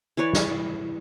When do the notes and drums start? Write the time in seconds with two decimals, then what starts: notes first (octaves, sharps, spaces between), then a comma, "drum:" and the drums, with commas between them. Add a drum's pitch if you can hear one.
0.17 E3 B4 C#5 D5
0.33 drum: snare